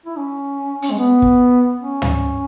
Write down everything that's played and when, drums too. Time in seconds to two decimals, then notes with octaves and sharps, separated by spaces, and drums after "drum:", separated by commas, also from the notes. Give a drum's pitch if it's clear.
0.06 E4
0.17 C#4
0.82 C#4, drum: hi-hat
0.91 G#3
0.99 B3
1.22 drum: kick
1.81 C#4
2.02 drum: tom